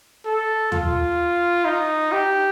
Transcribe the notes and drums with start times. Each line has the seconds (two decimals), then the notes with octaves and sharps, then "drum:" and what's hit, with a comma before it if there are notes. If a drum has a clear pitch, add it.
0.25 A4
0.72 F4, drum: tom D#2
1.65 D#4
2.12 G4